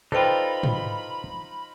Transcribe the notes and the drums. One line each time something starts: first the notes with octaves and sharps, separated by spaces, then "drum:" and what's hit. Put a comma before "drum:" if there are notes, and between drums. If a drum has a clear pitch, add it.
D#4 F4 A4 B4 C5 D5 G5 B5
drum: tom